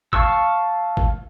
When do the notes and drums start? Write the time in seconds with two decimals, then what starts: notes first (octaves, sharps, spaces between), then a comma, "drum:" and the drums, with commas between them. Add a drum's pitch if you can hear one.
0.13 F5 A5 C#6 E6, drum: kick
0.97 drum: kick